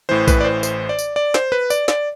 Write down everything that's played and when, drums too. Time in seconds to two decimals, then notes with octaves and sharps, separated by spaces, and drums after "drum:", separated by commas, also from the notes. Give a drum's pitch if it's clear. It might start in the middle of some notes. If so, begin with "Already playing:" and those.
0.09 A1 A2 E3 C5
0.28 B4, drum: kick A#1, tambourine
0.41 D5
0.45 C5
0.63 C5, drum: tambourine
0.89 D5
0.99 drum: tambourine
1.16 D5
1.34 C5, drum: snare
1.52 B4
1.70 D5, drum: tambourine
1.88 D5, drum: snare